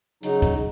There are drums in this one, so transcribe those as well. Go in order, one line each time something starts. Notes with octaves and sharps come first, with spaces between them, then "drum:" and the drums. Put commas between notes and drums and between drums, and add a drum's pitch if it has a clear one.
C#3 F#3 D#4, drum: hi-hat
drum: kick, hi-hat